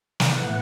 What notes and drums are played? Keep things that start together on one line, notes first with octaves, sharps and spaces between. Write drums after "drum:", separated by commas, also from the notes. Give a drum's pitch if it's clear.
A2 E3 B3 F#5, drum: snare